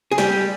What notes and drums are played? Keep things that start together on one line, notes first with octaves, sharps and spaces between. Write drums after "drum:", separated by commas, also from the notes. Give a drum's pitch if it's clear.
G#4
G3 G4, drum: snare